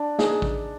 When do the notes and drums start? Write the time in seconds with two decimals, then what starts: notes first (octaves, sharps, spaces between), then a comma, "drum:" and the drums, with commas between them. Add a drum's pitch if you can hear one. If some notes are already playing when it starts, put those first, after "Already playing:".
Already playing: D4
0.19 D#4 G#4 D#5, drum: snare
0.42 drum: kick